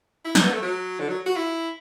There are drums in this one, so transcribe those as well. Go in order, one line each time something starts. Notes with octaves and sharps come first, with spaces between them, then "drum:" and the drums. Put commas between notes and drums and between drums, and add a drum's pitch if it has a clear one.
E4
D4, drum: snare
B3
A3
F#3
D3
F#3
F#4
E4